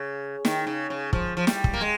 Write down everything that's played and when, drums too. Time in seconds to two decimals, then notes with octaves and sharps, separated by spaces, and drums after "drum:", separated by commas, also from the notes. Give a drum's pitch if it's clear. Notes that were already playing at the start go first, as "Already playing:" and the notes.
Already playing: C#3
0.45 D#3, drum: snare
0.67 C#3
0.90 C#3
1.13 F3, drum: kick
1.37 F3
1.47 G3, drum: snare
1.64 drum: kick
1.74 A#3
1.81 G#3